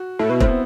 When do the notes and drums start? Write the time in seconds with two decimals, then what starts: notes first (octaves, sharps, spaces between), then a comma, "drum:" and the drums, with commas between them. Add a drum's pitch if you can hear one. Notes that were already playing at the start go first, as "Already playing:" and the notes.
Already playing: F#4
0.19 A2 E4
0.30 B2
0.40 A2 C4, drum: kick E1
0.49 B3